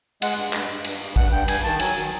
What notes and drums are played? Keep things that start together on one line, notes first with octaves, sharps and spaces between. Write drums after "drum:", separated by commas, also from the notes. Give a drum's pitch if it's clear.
G#3 F#5, drum: cymbal
G2
G2, drum: clap
G2
G2, drum: cymbal
G2
G2 F#5, drum: kick
G2 G5
G2 G#5, drum: cymbal
D#3 A5
F#3 G#5, drum: cymbal
D#3